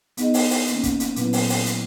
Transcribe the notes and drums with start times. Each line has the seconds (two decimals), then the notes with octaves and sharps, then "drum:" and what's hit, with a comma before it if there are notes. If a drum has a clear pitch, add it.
0.17 B3 D#4 G#4 D#5, drum: hi-hat
0.34 drum: open hi-hat
0.50 drum: open hi-hat
0.67 D#3 A#3 C#4, drum: hi-hat
0.83 drum: kick, hi-hat
1.00 drum: hi-hat
1.16 A#2 F#3 B3 E4 B4, drum: hi-hat
1.33 drum: open hi-hat
1.49 drum: open hi-hat
1.66 A#2 F#3 A#3 C#4, drum: hi-hat